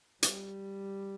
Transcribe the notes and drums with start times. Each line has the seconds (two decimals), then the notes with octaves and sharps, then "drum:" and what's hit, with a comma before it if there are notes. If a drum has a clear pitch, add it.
0.23 G3, drum: hi-hat